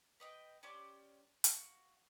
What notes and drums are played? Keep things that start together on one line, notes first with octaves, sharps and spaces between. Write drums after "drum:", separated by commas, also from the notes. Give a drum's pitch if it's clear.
B4 D#5 G5
C#4 G4 C5 D5
F#4 F5, drum: hi-hat